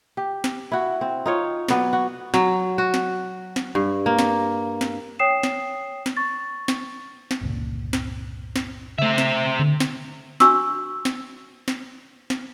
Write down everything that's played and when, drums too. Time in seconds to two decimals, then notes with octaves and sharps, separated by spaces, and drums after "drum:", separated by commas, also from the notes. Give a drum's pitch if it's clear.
0.17 G4
0.44 drum: snare
0.72 E4 F#4
1.01 C4
1.26 D#4 F4 C#5
1.68 F#3 B3 D5, drum: snare
1.93 F#4
2.34 F#3, drum: snare
2.78 F#4
2.94 drum: snare
3.56 drum: snare
3.75 G2
4.06 A#3
4.19 drum: snare
4.81 drum: snare
5.19 C#5 G5 D#6 C7 E7
5.43 drum: snare
6.06 drum: snare
6.17 C#6 A6
6.68 drum: snare
7.31 drum: snare
7.41 G1 C#2 A#2
7.93 drum: snare
8.56 drum: snare
8.98 C#3 A3 C4 E5
9.18 drum: snare
9.59 D3
9.80 drum: snare
10.40 D4 F#4 C#6 E6, drum: snare
11.05 drum: snare
11.68 drum: snare
12.30 drum: snare